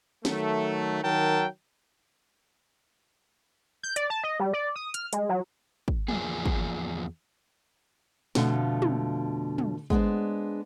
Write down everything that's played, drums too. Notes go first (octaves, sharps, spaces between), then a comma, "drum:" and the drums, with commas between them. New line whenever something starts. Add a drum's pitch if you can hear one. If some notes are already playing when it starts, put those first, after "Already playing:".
D#3 F#3 A3, drum: snare
D#3 F#3 A#4 G5 A5
G6
D5, drum: hi-hat
A5
D#5
G3
D5
D#6
F6, drum: hi-hat
G#3, drum: hi-hat
F#3
drum: kick
E2 G2 F3 A#3 G#4, drum: tom
drum: kick
F2 B2 D3 A3 F4, drum: snare
drum: tom
drum: tom
G#3 B3 D4 C5, drum: kick